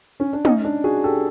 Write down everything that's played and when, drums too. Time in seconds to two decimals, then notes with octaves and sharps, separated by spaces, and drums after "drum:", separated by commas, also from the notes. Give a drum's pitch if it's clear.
0.20 C#4
0.33 D4
0.45 C#4 D#4, drum: tom
0.64 D4
0.84 F#4 G#4
1.04 G4 A4